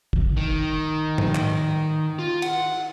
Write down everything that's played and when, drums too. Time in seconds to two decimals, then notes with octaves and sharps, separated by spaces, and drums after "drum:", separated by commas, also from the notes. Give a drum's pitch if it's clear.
0.13 drum: kick
0.37 D#3
1.18 drum: tom G#2
1.35 drum: clap
2.19 F4
2.42 F#5, drum: cymbal